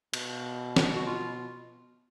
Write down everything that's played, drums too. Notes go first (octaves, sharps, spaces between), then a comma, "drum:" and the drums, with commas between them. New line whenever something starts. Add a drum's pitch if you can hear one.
B2, drum: cymbal
drum: snare
F#4
F4